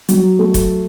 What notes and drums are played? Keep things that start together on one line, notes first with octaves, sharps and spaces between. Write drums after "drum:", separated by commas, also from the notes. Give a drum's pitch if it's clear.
F#3, drum: hi-hat
A3
drum: kick E1, hi-hat